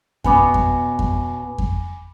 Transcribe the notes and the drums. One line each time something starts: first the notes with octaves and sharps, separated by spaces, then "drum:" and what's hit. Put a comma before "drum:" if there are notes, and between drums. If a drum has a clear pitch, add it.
B2 B3 C#4 G#5 B5 D6, drum: kick F2
drum: kick F2
drum: kick F2
drum: kick F2